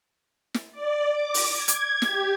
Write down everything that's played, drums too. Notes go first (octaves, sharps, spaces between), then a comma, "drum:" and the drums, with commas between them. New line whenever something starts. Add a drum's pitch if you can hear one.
drum: snare
D5
D6
drum: open hi-hat
G#6
drum: hi-hat
G4, drum: snare